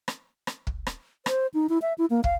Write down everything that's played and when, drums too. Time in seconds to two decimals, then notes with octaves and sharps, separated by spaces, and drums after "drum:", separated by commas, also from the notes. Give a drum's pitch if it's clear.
0.08 drum: rim click
0.47 drum: rim click
0.67 drum: kick
0.87 drum: rim click
1.26 C5, drum: rim click
1.54 D#4
1.69 E4
1.82 E5
1.98 E4
2.10 A#3
2.24 F5, drum: kick